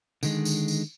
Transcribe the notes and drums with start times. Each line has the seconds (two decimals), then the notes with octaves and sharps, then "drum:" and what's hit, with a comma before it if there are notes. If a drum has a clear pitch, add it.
0.23 D3 D#3 G#3, drum: tambourine
0.45 drum: tambourine
0.68 drum: tambourine